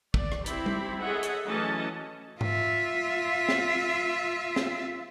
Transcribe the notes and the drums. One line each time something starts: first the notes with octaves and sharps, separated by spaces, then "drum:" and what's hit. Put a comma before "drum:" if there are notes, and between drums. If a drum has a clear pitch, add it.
D5, drum: kick
drum: rim click
C4 E4 G4 B5, drum: hi-hat
drum: tom
G#4 A4 C#5 D#5 E5 F#5
drum: hi-hat
E3 F#3 A3 C#4 D#5 A5
F4 E5, drum: tom G#2
drum: snare
drum: snare